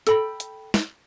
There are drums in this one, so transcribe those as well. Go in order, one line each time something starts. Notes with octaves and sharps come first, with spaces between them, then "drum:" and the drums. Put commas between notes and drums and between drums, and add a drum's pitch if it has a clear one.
A4 G5 B5, drum: hi-hat
drum: hi-hat
drum: snare